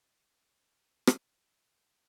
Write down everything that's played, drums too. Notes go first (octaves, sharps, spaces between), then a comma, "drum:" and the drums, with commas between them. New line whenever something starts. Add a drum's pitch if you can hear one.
G#3 D4
drum: rim click